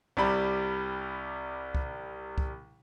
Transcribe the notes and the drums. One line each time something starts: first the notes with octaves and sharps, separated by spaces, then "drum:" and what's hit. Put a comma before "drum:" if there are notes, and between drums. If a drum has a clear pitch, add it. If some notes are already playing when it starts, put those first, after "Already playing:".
C2 C3 G3 B5
drum: kick C2
drum: kick C2